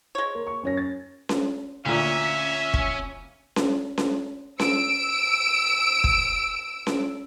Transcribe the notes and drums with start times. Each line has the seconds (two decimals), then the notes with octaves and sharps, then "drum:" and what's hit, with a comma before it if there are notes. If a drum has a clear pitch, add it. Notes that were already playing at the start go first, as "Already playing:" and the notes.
0.15 G#3 C#5
0.35 A#3
0.47 C#6
0.63 F#2 C#4 A#6
0.77 A6
1.29 drum: snare C#4
1.86 D2 A#2 C#4 E5
2.74 drum: kick
3.56 drum: snare C#4
3.98 drum: snare C#4
4.59 E6 D7, drum: snare C#4
6.04 drum: kick
6.87 drum: snare C#4